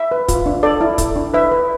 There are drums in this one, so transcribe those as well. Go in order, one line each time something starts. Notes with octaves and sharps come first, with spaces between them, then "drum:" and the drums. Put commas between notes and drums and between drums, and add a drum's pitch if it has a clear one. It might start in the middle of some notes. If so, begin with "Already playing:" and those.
Already playing: E5
B4
F4, drum: kick, hi-hat
D4
A4 D5
E4
A4, drum: kick, hi-hat
D4
B4 E5
B4